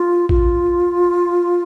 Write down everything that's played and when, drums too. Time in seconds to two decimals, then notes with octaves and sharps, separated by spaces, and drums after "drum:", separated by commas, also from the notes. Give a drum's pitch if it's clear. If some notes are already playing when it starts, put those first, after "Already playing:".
Already playing: F4
0.29 F4, drum: kick A1